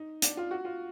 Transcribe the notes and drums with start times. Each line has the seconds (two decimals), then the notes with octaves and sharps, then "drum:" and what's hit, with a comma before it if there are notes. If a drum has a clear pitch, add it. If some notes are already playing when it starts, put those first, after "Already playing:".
Already playing: D#4
0.22 D4, drum: hi-hat
0.37 F4
0.51 F#4
0.65 F4